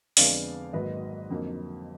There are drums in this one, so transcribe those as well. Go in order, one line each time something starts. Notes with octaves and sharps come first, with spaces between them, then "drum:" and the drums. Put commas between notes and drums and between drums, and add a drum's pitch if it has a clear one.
F2 D3 G#3 B3 D5 F5, drum: open hi-hat
G#1 G#2 F#3 A#3 B4 D#5
F2 D3 F#3 A#3